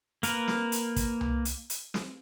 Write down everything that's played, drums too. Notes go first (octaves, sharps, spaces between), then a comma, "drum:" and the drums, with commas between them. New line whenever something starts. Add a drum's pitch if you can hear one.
A#3 A#4 B4, drum: hi-hat
drum: snare
drum: hi-hat
drum: kick, hi-hat
drum: tom C2
drum: hi-hat
drum: hi-hat
drum: snare